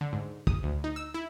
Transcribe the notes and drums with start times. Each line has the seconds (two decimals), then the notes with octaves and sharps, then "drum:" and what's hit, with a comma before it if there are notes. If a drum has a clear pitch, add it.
0.01 D3
0.13 G#2
0.47 D#6, drum: kick
0.63 D2
0.84 D#4
0.96 E6
1.14 E4